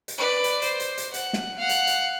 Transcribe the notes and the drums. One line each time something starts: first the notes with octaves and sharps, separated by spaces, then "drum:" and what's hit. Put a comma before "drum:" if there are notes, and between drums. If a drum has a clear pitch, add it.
drum: hi-hat
B4 D5
drum: hi-hat
C5, drum: hi-hat
drum: hi-hat
drum: hi-hat
F#5, drum: hi-hat
drum: snare
F5 F#5
drum: hi-hat
drum: hi-hat